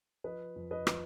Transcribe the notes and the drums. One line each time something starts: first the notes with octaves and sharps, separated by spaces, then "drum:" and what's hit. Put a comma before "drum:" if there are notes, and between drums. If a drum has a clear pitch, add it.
F3 B4 D#5
F2
B4 D#5
F3, drum: rim click